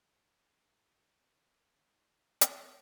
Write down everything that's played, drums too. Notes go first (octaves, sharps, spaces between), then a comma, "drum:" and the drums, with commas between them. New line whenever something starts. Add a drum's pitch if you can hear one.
G#6
G#3 F#4 A4 A#5 B5
D#4 D5 G5
drum: hi-hat